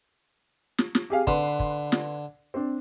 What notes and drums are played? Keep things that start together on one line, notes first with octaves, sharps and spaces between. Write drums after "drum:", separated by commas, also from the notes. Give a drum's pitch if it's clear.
drum: snare
drum: snare
G4 G#4 F5
D3 B4 C6, drum: kick
drum: kick
drum: snare
C4 D4